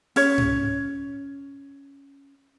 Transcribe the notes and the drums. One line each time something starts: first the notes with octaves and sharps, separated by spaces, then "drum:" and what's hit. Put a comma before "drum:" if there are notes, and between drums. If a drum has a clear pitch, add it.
C#4 C#5, drum: open hi-hat
drum: tom G#2